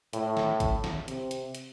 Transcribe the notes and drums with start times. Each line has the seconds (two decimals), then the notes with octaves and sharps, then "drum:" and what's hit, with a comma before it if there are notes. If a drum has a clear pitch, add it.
0.13 A2, drum: hi-hat
0.37 drum: snare
0.60 drum: kick, hi-hat
0.84 drum: snare
1.08 C3, drum: hi-hat
1.31 drum: hi-hat
1.55 drum: hi-hat